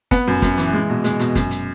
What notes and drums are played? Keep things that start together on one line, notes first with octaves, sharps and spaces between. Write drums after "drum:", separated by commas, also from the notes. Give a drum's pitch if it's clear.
B3, drum: kick, hi-hat
F#2
F#2, drum: kick, hi-hat
E3, drum: hi-hat
G#3
B2
G#3, drum: hi-hat
B2, drum: hi-hat
F#2, drum: kick, hi-hat
drum: hi-hat